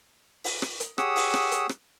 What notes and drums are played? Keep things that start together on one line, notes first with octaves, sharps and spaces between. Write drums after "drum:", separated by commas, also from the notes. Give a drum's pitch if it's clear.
drum: open hi-hat
drum: rim click
drum: hi-hat
G4 G#4 C#5 F#5 D#6 E6, drum: rim click
drum: open hi-hat
drum: rim click
drum: hi-hat
drum: rim click